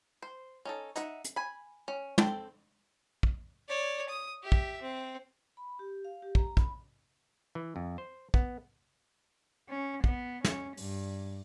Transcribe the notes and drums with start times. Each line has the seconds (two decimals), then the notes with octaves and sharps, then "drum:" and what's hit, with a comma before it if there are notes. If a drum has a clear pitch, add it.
0.22 C5
0.65 C#4 D#4 A4
0.96 D#4 E5 F#5, drum: hi-hat
1.24 drum: hi-hat
1.36 G#5 B5
1.88 C#4
2.18 C4 A4 C5 G5, drum: tom
3.23 drum: kick
3.69 C#5 D5
4.09 D#6
4.43 G4 E5
4.52 drum: kick
4.82 C4
5.57 B5
5.79 G4
6.05 F5
6.22 G4
6.35 A#5, drum: kick
6.57 B5, drum: kick
7.55 E3
7.76 F2
7.98 C5
8.34 B3, drum: kick
9.69 C#4
10.04 B3, drum: kick
10.44 C#4, drum: snare
10.77 G2, drum: open hi-hat